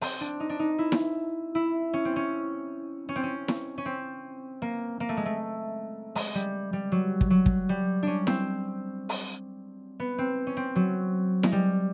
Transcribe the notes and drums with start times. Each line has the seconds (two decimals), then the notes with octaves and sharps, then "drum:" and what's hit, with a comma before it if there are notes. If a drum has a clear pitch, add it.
0.01 C4, drum: open hi-hat
0.21 D4
0.40 D#4
0.50 D4
0.59 D#4
0.79 E4
0.92 drum: snare E4
1.55 E4
1.93 C#4
2.05 C4
2.16 C#4
3.09 C#4
3.16 C4
3.23 C#4
3.48 drum: snare E4
3.78 C#4
3.86 C4
4.62 A#3
5.00 A#3
5.09 A3
5.17 G#3
5.26 A3
6.15 G#3, drum: open hi-hat
6.35 G3
6.73 G3
6.92 F#3
7.21 drum: kick
7.30 F#3
7.46 drum: kick
7.69 G3
8.03 C#4 D4
8.27 C4, drum: snare E4
9.09 drum: open hi-hat
10.00 B3
10.18 C4
10.47 C#4
10.57 C4
10.76 F#3
11.43 G#3, drum: snare E4
11.52 G3